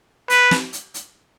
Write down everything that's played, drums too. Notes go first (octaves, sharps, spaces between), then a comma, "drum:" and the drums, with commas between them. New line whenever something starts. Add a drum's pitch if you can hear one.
B4, drum: hi-hat
drum: snare
drum: hi-hat
drum: hi-hat